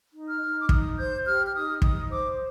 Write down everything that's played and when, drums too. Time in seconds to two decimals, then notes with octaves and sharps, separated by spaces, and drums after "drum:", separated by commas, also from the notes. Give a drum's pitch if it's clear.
0.13 D#4
0.27 F6
0.41 D#4
0.59 D6
0.69 D#4 D#6, drum: kick
0.97 C5 G6
1.26 G4 F6
1.46 F6
1.54 D#4 D#6
1.82 D#4 D#6, drum: kick
2.10 C5 D6